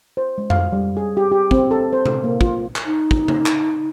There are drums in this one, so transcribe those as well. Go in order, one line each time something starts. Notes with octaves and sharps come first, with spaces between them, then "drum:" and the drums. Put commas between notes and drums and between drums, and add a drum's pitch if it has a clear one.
C5
G#3
F5, drum: tom F2
G3
G#4
G4
G4
C4, drum: kick
A4
C5
drum: tom C3
A#3
F4, drum: kick
drum: clap
D#4
drum: kick
drum: tom C#3
drum: clap